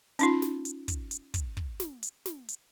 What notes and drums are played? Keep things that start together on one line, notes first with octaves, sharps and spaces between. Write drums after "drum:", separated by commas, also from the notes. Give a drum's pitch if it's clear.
C#4 D#4 F4, drum: hi-hat
drum: snare
drum: hi-hat
drum: kick, hi-hat
drum: hi-hat
drum: kick, hi-hat
drum: kick
drum: snare
drum: hi-hat
drum: snare
drum: hi-hat